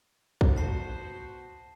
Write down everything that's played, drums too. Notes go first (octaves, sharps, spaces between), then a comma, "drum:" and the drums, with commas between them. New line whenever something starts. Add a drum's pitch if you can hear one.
drum: kick
B3 F#4 C5 A5 C7